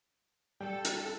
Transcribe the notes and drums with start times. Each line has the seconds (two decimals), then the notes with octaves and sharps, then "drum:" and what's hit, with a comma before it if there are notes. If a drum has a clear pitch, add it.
0.61 G3 A4 G5
0.85 drum: hi-hat